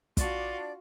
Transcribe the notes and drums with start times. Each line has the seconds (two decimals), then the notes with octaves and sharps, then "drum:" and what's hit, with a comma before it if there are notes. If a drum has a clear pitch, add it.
0.17 D4 F4 F#4 D5, drum: kick, hi-hat